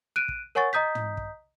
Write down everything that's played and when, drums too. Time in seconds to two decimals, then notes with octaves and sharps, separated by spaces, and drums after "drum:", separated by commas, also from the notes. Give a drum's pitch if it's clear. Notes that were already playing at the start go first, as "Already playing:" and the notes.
0.16 F#6 D7 D#7
0.28 drum: kick
0.55 A#4 C#5 F#5 G#5 C#6 A6
0.73 D#5 A#5 D#6 G6 B6
0.95 drum: tom
1.17 drum: kick